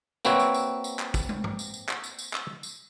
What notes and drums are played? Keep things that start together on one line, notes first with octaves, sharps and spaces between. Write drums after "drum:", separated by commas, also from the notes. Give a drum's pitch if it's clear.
A#3 C4 F#4 B4 C#5 E5, drum: tambourine
drum: tambourine
drum: tambourine
drum: tambourine
drum: clap
drum: kick, tambourine
drum: tom
drum: tom G2
drum: tambourine
drum: tambourine
drum: clap
drum: tambourine
drum: tambourine
drum: clap
drum: tambourine